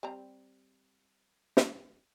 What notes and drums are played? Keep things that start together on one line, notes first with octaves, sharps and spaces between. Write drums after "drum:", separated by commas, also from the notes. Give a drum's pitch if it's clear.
G3 C4 A#5
drum: snare